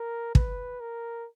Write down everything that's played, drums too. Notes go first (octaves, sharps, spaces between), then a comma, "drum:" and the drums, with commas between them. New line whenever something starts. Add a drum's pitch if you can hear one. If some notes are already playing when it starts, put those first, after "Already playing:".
Already playing: A#4
B4, drum: kick
A#4